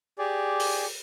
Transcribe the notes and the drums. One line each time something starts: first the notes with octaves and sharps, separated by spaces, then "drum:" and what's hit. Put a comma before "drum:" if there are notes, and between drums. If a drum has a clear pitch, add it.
G4 G#4 D5
drum: open hi-hat